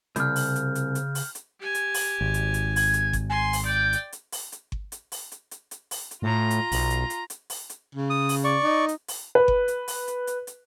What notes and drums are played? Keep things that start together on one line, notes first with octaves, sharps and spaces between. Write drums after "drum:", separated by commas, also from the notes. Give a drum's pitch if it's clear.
C2 C#3 F6 G6, drum: hi-hat
drum: open hi-hat
drum: hi-hat
drum: hi-hat
drum: hi-hat
drum: open hi-hat
drum: hi-hat
G4 G#5
drum: hi-hat
drum: open hi-hat
G#1
drum: hi-hat
drum: hi-hat
G#6, drum: open hi-hat
drum: hi-hat
drum: kick G1, hi-hat
G#5 C6
drum: open hi-hat
D5 G5 G6
drum: hi-hat
drum: hi-hat
drum: open hi-hat
drum: hi-hat
drum: kick G1
drum: hi-hat
drum: open hi-hat
drum: hi-hat
drum: hi-hat
drum: hi-hat
drum: open hi-hat
drum: hi-hat
A2 F4 A#5
drum: hi-hat
B1, drum: open hi-hat
drum: hi-hat
drum: hi-hat
drum: hi-hat
drum: open hi-hat
drum: hi-hat
C#3
D#6
drum: open hi-hat
D5 C#6
D#4
drum: hi-hat
drum: open hi-hat
B4
drum: kick G1
drum: hi-hat
drum: open hi-hat
drum: hi-hat
drum: hi-hat
drum: hi-hat